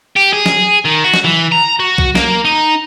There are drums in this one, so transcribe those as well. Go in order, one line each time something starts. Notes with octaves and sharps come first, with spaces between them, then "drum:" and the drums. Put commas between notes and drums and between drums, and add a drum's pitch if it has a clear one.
G4
G#4
drum: snare
D#3
F#4
drum: snare
E3
A#5
F#4
drum: kick B1
A#3, drum: snare
D#4